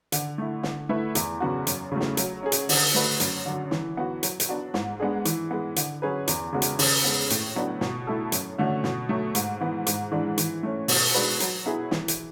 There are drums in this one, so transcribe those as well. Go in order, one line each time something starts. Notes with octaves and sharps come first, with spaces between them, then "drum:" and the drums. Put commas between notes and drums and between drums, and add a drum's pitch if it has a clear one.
D3, drum: hi-hat
A3 E4
D3, drum: snare
A3 E4 B4
E2, drum: hi-hat
C#3 F#3 B3 F#4
F#2, drum: hi-hat
C#3 F#3 A3
drum: snare
F#3, drum: hi-hat
C#4 G#4
drum: hi-hat
D3, drum: open hi-hat
A3 D4 F#4 B4
F#2, drum: hi-hat
D3 F#3
E3, drum: snare
B3 F#4
F#3, drum: hi-hat
drum: hi-hat
B3 D4 F#4
G#2, drum: snare
G#3 B3 D4 G#4
E3, drum: hi-hat
G#3 B3
D3, drum: hi-hat
F#3 C#4 G#4 B4
E2, drum: hi-hat
C#3 G#3 B3 F#4
drum: hi-hat
C#3, drum: open hi-hat
G#3 B3
A2, drum: hi-hat
F#3 B3 D4
B2, drum: snare
A3 E4 A4
F#2, drum: hi-hat
D3 A3 C#4 F#4
B2, drum: snare
F#3 A3
G#2, drum: hi-hat
E3 B3
G#2, drum: hi-hat
E3 G#3 D4
E3, drum: hi-hat
A3 C#4
B2, drum: open hi-hat
G#3 D4 F#4 B4
F#3, drum: hi-hat
B3 E4 G#4
E3, drum: snare
drum: hi-hat